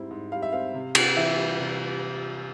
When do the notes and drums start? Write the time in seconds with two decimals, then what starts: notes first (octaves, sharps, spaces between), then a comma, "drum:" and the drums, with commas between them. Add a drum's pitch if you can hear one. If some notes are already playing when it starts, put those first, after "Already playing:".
Already playing: G#2 G3 C4 E4
0.11 G#2
0.32 G3 F5
0.42 E5
0.52 C4 F5
0.74 C3
0.95 C3, drum: cymbal
1.16 E3 E5
1.37 G3
1.59 C3